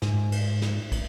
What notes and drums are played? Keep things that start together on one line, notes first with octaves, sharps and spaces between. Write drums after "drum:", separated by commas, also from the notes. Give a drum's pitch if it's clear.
G#2, drum: snare
drum: cymbal
drum: snare
drum: kick, cymbal